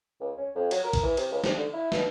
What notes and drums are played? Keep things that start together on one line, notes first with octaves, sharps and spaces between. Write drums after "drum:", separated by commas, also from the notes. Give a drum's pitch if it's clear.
C#2
C#4
F2
F#3, drum: cymbal
A#4
drum: kick A1, cymbal
E3
C3, drum: cymbal
C#2
C3, drum: snare
D3
E4
B2, drum: snare